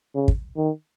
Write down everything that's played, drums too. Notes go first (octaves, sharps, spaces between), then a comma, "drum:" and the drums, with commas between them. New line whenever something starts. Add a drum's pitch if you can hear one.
C#3
drum: kick
D#3